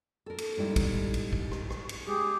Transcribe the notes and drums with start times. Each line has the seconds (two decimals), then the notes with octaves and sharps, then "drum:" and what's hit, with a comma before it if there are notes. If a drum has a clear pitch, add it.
0.26 A4 A#4
0.38 drum: cymbal
0.57 G#2 G3 E4
0.76 drum: kick, cymbal
1.14 drum: cymbal
1.33 drum: kick
1.52 drum: rim click
1.70 drum: rim click
1.89 drum: cymbal
2.07 G#3 G4 G#4